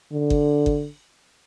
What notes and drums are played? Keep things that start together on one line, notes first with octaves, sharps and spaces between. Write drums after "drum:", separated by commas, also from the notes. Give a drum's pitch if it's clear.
D3
drum: kick G1
drum: kick G1